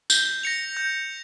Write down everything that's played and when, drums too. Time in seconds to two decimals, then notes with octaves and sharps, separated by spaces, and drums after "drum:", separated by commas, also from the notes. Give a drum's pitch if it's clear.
0.10 G6, drum: tambourine
0.43 A#6 C#7 F7
0.77 G6